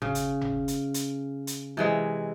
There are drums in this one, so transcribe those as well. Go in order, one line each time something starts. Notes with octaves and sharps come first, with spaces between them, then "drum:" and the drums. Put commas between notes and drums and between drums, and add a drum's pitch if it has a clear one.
C#3, drum: tom G1
drum: hi-hat
drum: tom G1
drum: hi-hat
drum: hi-hat
drum: hi-hat
C3 E3 G#3